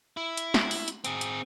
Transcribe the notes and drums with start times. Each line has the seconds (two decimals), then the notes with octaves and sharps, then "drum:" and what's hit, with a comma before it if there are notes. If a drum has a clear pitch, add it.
0.17 E4
0.37 drum: hi-hat
0.54 drum: snare
0.71 drum: open hi-hat
0.88 drum: hi-hat
1.05 C4 G#4, drum: hi-hat
1.21 drum: hi-hat